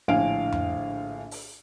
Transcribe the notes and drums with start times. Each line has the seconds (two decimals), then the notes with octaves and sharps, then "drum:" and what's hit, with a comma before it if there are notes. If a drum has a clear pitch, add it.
0.08 A#1 A2 D3 F5 G#5 D7
0.52 drum: tom F2
1.31 drum: open hi-hat